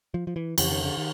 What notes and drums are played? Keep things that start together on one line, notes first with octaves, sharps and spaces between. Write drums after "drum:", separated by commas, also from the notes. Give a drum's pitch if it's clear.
F3
F3
E3
F2 C#3 E3, drum: cymbal
D#3
D3
D#3